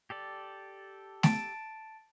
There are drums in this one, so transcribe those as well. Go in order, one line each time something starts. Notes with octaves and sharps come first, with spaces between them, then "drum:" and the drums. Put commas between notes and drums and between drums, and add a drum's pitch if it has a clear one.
G4 A4 D5
A5 A6 D7, drum: snare